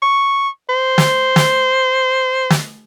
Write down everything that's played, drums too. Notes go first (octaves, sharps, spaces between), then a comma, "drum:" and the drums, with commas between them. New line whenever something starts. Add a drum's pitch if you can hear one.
C#6
C5
drum: snare
drum: snare
drum: snare